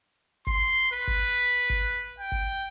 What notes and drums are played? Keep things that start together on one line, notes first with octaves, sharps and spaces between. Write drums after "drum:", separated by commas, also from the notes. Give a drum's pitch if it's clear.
C6, drum: kick G#1
B4
drum: kick G#1
drum: kick G#1
G5
drum: kick G#1